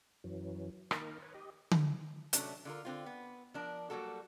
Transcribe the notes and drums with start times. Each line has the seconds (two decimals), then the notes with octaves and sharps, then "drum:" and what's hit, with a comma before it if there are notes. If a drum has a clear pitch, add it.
0.24 F#2 E3 F#3
0.91 D#3 A#3 D#4 A#4, drum: rim click
1.22 B4 C#5
1.34 G4 D#5
1.71 drum: tom D3
2.33 C3 F#3 A3 C#4 D4, drum: hi-hat
2.65 D3 F4 A#4
2.85 D3 C4 F4
3.06 B3
3.54 F3 D4 A#4
3.90 F#3 G3 A#3 F#4 A4